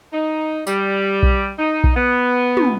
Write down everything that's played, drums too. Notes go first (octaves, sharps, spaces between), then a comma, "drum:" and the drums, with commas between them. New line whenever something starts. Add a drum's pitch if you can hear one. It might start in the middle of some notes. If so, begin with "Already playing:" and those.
D#4
G3, drum: tambourine
drum: kick B1
D#4
drum: kick B1
B3
drum: tom